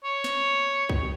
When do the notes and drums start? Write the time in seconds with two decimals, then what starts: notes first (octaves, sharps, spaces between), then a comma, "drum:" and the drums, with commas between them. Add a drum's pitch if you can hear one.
0.04 C#5
0.24 drum: snare
0.89 drum: kick